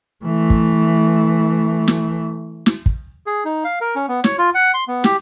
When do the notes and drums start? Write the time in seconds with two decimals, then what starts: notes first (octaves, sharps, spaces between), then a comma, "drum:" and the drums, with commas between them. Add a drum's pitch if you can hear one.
0.25 E3 A3
0.50 drum: kick
1.88 drum: snare
2.66 drum: snare
2.86 drum: kick
3.27 G#4
3.45 D#4
3.64 F5
3.81 A#4
3.96 C#4
4.08 B3
4.24 C#5, drum: snare
4.38 F4
4.55 F#5
4.74 C6
4.88 B3
5.04 G4, drum: snare